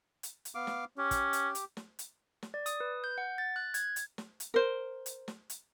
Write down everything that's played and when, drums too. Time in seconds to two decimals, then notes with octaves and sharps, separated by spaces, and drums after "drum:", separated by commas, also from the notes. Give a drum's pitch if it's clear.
0.23 drum: hi-hat
0.45 drum: hi-hat
0.55 B3 F5 D6
0.67 drum: snare
0.98 C#4 G4
1.11 drum: kick, hi-hat
1.33 drum: hi-hat
1.55 drum: hi-hat
1.77 drum: snare
1.99 drum: hi-hat
2.43 drum: snare
2.54 D5
2.66 D#6, drum: hi-hat
2.80 B4
3.04 G6
3.18 F#5
3.38 A6
3.56 F#6
3.74 G#6, drum: hi-hat
3.96 drum: hi-hat
4.18 drum: snare
4.40 drum: hi-hat
4.54 A#4 C5
5.06 drum: hi-hat
5.28 drum: snare
5.50 drum: hi-hat